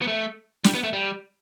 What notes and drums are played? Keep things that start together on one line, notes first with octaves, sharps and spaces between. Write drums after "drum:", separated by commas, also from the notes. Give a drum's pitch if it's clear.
B3
A3
G3, drum: snare
B3
A3
G3